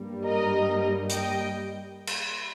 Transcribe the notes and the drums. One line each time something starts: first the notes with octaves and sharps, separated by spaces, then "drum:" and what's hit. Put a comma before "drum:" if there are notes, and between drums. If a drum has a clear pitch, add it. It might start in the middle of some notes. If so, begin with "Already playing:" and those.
Already playing: G2 G3 A#3
A#4 D#5
D#5 G5, drum: hi-hat
drum: cymbal